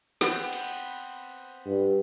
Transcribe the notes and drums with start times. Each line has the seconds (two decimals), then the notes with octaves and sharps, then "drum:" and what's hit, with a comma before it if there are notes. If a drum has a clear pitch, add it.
0.21 B3 C4, drum: snare
0.53 drum: cymbal
1.66 G2